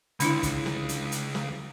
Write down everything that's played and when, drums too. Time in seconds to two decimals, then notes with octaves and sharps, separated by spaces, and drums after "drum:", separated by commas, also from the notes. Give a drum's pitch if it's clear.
0.20 C#2 D3 D4 E4, drum: hi-hat
0.43 drum: kick, hi-hat
0.66 drum: snare
0.89 drum: hi-hat
1.12 drum: hi-hat
1.35 drum: snare